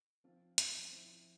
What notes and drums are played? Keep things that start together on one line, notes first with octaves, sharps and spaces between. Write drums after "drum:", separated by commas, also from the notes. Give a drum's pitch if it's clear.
F3 C4 F4
F3 C4 F4, drum: hi-hat
F3 C4 E4